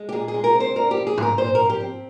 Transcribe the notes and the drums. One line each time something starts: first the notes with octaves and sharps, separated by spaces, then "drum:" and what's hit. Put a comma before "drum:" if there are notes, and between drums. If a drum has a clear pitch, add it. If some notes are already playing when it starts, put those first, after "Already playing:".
Already playing: G#3
G4
A#2 G#4
G#4
G#3
A#4
C4
C5
G2 A#4
G4
F3
G#4
A#3 A#4, drum: tom G#2
A#2 C5
A#4
F3
G4
C4